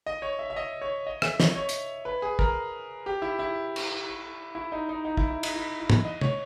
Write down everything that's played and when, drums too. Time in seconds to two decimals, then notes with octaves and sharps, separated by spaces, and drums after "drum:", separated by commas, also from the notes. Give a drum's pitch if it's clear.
0.06 D#5
0.22 C#5
0.39 E5
0.50 E5
0.56 D#5
0.81 C#5
1.07 D#5
1.22 E5, drum: rim click
1.40 D#5, drum: snare
1.56 C#5
1.69 drum: hi-hat
2.05 B4
2.22 G#4
2.39 A#4, drum: kick
3.06 G4
3.22 E4
3.39 E4
3.76 drum: cymbal
4.55 E4
4.72 D#4
4.89 D#4
5.05 D#4
5.17 E4, drum: kick
5.30 E4
5.43 D#4, drum: cymbal
5.56 E4
5.80 E4
5.90 drum: tom
6.05 D#5
6.21 C#5, drum: tom